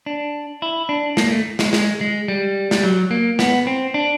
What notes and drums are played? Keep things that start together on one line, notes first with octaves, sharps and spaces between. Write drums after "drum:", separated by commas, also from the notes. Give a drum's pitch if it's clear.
D4
E4
D4
A#3, drum: snare
A3
G#3, drum: snare
G#3, drum: snare
G#3
G3
G3, drum: snare
F#3
A#3
B3, drum: snare
C4
D4